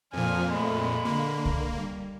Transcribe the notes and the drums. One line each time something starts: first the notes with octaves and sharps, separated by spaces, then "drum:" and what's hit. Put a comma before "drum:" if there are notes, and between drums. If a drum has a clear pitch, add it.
F2 A#2 F3 G#5 F6
G#3 A3 B5
D3 A#3
drum: kick C2
G3